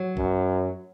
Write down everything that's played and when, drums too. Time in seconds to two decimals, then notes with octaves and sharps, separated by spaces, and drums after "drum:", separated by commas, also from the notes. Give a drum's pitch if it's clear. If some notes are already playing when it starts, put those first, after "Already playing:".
Already playing: F#3
0.17 F#2, drum: kick A1